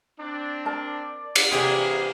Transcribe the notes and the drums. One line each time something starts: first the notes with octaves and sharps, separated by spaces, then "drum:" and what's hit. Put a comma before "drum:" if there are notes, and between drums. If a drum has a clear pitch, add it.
C4 D4
A#4 D5 A5
drum: cymbal
C3 E3 A#3 G4 G#4